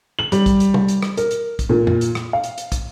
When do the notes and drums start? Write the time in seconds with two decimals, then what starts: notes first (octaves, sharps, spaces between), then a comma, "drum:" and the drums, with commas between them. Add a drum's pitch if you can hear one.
0.19 F#7
0.32 G3, drum: hi-hat
0.46 drum: kick, hi-hat
0.60 drum: hi-hat
0.74 drum: tom
0.88 drum: hi-hat
1.03 drum: rim click
1.17 A#4, drum: hi-hat
1.31 drum: hi-hat
1.59 drum: kick, hi-hat
1.69 A#2
1.87 drum: tom F2
2.01 drum: hi-hat
2.15 drum: rim click
2.33 F5
2.44 drum: hi-hat
2.58 drum: hi-hat
2.72 drum: kick, hi-hat